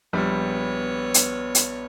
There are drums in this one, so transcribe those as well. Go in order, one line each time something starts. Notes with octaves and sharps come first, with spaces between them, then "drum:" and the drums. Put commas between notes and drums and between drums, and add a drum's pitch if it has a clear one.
A#1 G3 B3 C#5
drum: hi-hat
drum: hi-hat